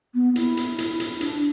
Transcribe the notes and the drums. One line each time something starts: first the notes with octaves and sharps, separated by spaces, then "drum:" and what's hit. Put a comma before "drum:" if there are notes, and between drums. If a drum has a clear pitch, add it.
B3
E4, drum: hi-hat
drum: hi-hat
drum: hi-hat
drum: hi-hat
D4, drum: hi-hat